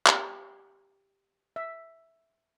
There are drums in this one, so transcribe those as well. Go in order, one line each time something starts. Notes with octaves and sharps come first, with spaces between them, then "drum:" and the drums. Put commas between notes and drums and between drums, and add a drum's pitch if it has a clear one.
G4, drum: clap
E5